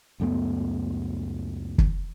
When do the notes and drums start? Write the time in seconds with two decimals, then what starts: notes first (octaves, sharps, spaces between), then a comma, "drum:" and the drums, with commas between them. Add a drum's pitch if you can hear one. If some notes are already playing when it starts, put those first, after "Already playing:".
0.20 C#2 F#2 A3 B3
1.78 drum: kick